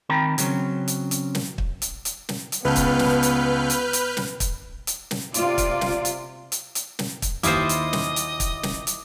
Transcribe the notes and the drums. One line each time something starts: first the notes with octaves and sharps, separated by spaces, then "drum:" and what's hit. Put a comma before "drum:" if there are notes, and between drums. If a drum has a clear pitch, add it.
D#3 C4 A#4 G5 A#5 B5
C#3 F#3 C4 C#4, drum: hi-hat
drum: hi-hat
drum: hi-hat
drum: snare
drum: kick
drum: hi-hat
drum: hi-hat
drum: snare
drum: hi-hat
C#2 B3 B4 A5 F6 G6
drum: kick, hi-hat
drum: snare
drum: hi-hat
drum: hi-hat
drum: hi-hat
drum: snare
drum: kick, hi-hat
drum: hi-hat
drum: snare
C3 F4 D5, drum: hi-hat
drum: kick, hi-hat
drum: snare
drum: hi-hat
drum: hi-hat
drum: hi-hat
drum: snare
drum: kick, hi-hat
D#2 E4 F4 C5 D#5 D6 D#6, drum: hi-hat
drum: hi-hat
drum: snare
drum: hi-hat
drum: kick, hi-hat
drum: snare
drum: hi-hat